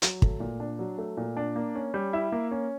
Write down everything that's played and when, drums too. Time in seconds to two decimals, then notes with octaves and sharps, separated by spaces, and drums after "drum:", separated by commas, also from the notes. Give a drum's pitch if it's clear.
0.02 F#3, drum: hi-hat
0.22 A3, drum: kick
0.40 A#2
0.60 D4
0.79 F#3
0.98 A3
1.17 A#2
1.37 D4
1.56 A#3
1.75 C#4
1.94 G3
2.13 E4
2.32 A#3
2.51 C#4